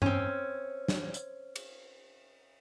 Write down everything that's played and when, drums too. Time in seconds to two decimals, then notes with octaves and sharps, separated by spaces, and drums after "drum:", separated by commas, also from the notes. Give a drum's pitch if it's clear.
0.02 C4 C#4, drum: tom G2
0.88 drum: snare
1.14 drum: hi-hat
1.56 drum: cymbal